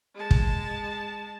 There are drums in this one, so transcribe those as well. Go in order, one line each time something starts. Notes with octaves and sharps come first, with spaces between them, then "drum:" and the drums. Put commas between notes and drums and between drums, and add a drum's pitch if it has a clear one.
G#3 A5
drum: kick